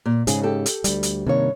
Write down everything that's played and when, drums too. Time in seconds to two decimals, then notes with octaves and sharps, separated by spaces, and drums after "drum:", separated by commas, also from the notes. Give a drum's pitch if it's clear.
0.06 A#2
0.27 G#2 C#3 G#4, drum: hi-hat
0.43 G4 A4
0.66 drum: hi-hat
0.84 D2 G3, drum: hi-hat
1.03 drum: hi-hat
1.26 G2 C3 D#3 A#3 C#5